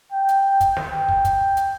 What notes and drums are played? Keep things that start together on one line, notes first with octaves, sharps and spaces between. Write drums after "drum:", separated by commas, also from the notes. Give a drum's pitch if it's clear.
G5
drum: hi-hat
drum: kick, hi-hat
drum: snare
G5
drum: kick
drum: kick, hi-hat
drum: hi-hat